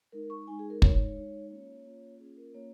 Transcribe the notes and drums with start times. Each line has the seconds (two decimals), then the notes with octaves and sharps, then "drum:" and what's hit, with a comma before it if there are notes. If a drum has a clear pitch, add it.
0.12 G#3 D#4 A#4
0.30 C#6
0.47 G#3 D#4 G#5
0.59 G#4
0.70 A#4
0.82 G#3 D#4 C#5, drum: kick
1.17 G#3 D#4
1.50 A#3 C#4 F4 C#5
1.85 A#3 C#4 F4
2.20 A#3 C#4 F4 G#4
2.37 A#4
2.54 A#3 C#4 F4 C#5